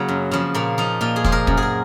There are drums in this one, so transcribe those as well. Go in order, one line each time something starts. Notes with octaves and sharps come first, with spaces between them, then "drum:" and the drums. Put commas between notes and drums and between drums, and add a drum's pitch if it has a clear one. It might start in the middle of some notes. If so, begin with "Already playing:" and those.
Already playing: C#3 F#3 A#3
F#2
C#3 F3
A#2 A#3
F3 D#4
A#2 F4
G#4
F3 C5, drum: kick
A#4
F#2, drum: kick
G#4
A#4